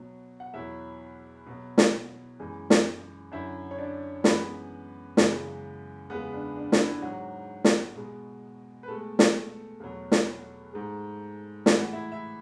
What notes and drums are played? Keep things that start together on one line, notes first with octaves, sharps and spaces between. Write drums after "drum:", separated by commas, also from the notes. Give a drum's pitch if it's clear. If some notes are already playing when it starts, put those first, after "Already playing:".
Already playing: B2 F#3
F#5
E2 B2 F#3 E4 E5
B2 F#3
drum: snare
F#2 E3 G#3
drum: snare
F#2 D3 F#3 E4 E5
C#5
D4 D5
F#2 E3 G#3 B3 B4, drum: snare
F#2 C#3 E3 G#3, drum: snare
E2 C#3 G#3 B3 B4
D4
D4
D4, drum: snare
E4
G#2 F#3 F#4
drum: snare
B2 G#3
B4
B2 G#3 A3 A4
drum: snare
E2 B2 F#3
drum: snare
G#2 G#3
A2 E3 G#3 E5, drum: snare
F#5
E4 E5
E4 E5